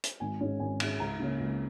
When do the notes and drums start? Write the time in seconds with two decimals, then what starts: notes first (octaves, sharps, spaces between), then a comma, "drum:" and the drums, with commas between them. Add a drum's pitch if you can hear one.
0.04 drum: hi-hat
0.20 G#1 G#5
0.41 G#2 G#3 C#4
0.60 G#1 G#5
0.80 G#2 G#3 C#4, drum: cymbal
1.00 C#2 A#5
1.20 C#3 A#3 C#4
1.40 C#2